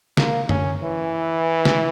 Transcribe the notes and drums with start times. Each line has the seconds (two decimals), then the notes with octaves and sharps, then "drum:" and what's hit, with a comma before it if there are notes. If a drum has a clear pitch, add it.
0.17 A#3, drum: snare
0.49 C#4, drum: tom F#2
0.83 E3
1.65 drum: snare